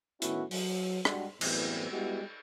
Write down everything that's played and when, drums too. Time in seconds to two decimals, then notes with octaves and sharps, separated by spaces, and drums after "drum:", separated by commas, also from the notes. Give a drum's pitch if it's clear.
0.22 A2 D#3 B3 C#4 E4 F#4, drum: hi-hat
0.51 F#3, drum: open hi-hat
1.05 G3 G#3 D4 F#4 G4, drum: rim click
1.41 F#2 A2 E3 G3 B3 C4, drum: cymbal
1.92 G3 G#3 B3 E4 F#4 G4